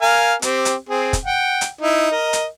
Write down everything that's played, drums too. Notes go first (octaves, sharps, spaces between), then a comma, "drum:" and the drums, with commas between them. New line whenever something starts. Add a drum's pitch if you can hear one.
A#4 F5 G#5
C4 G4, drum: hi-hat
drum: hi-hat
C4 G#4
drum: kick, hi-hat
F#5 G5
drum: hi-hat
D#4 E4
A#4 D#5
drum: hi-hat